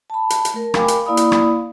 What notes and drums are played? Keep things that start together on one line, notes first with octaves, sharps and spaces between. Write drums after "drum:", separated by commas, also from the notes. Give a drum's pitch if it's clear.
A5 B5
drum: hi-hat
drum: hi-hat
A3 A#4
A#4 F5 G5 G#5 B5 D6, drum: rim click
drum: hi-hat
A#3 E4 D5 F5 B5 D#6
drum: hi-hat
drum: rim click